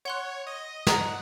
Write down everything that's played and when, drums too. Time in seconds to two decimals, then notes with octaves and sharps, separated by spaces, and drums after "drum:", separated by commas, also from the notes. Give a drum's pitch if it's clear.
0.05 C#5 F#5 C6 F#6
0.47 D#5
0.87 G#4 D#5 F#5 A#5 D#6, drum: snare